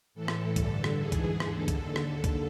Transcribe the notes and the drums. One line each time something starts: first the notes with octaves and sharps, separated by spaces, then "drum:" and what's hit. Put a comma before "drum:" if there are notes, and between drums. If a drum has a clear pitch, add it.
A2 E3 A4
drum: rim click
G2 D3, drum: kick C2, hi-hat
drum: rim click
G#2 E3 G#4
drum: kick C2, hi-hat
D#2 D3 A4, drum: rim click
drum: kick C2, hi-hat
D#2 D3 A4
drum: rim click
drum: kick C2, hi-hat